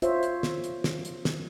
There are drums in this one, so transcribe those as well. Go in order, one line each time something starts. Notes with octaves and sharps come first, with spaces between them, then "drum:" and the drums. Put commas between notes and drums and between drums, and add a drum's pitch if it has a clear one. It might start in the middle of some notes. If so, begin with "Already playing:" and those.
F4 C5 C#5 E5, drum: hi-hat
drum: hi-hat
drum: snare
drum: hi-hat
drum: snare
drum: hi-hat
drum: snare